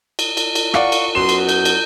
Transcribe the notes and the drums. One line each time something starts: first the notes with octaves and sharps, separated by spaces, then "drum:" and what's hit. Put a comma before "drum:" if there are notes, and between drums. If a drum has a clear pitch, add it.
drum: cymbal
drum: cymbal
drum: cymbal
D5 F5 F#5 C#6, drum: rim click
drum: cymbal
F#2 B3 F#4 C6 E7
drum: cymbal
G6, drum: cymbal
drum: cymbal